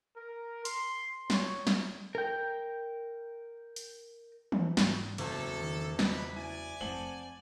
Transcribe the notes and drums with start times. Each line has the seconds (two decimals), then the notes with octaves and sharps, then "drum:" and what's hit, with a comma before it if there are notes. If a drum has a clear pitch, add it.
0.17 A#4
0.65 C6, drum: hi-hat
1.30 C#5, drum: snare
1.67 drum: snare
2.15 A#4 G5
3.76 drum: hi-hat
4.52 drum: tom E3
4.77 G#2 E3, drum: snare
5.18 F#1 E2 A4, drum: cymbal
5.61 D#3
5.99 B4 D#5, drum: snare
6.36 E4 D5 G#5
6.81 F2 A3 C5 F#5 A5 F#7